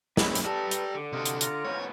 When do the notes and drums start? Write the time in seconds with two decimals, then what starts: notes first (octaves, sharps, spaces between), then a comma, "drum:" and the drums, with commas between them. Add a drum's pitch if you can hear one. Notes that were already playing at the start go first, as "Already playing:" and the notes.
0.17 A#3 B3 C#4 D#4 E4 E5, drum: snare
0.35 drum: hi-hat
0.45 G4 A4 B4 D5 A5 A#5
0.71 drum: hi-hat
0.95 D3
1.13 C3 F4 F#4 D#5
1.26 drum: hi-hat
1.41 F4 A#5, drum: hi-hat
1.65 G#2 B3 C#5